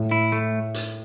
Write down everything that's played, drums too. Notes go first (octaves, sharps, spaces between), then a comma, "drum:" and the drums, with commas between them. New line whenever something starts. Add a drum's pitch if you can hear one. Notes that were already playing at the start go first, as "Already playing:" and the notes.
Already playing: A2
E4
A3
drum: hi-hat